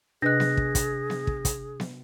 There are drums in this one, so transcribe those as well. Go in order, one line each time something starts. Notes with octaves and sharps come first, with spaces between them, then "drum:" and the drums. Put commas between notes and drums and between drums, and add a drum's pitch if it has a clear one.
C3 D4 G#4 B4 D#5 F#6 A#6
drum: snare B3
drum: kick
drum: kick, hi-hat
drum: snare B3
drum: kick
drum: kick, hi-hat
drum: snare B3